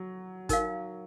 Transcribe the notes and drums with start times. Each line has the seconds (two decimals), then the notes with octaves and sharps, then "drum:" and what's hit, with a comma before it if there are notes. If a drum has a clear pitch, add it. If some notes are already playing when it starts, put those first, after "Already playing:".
Already playing: F#3
0.49 D#4 A#4 F5, drum: kick, hi-hat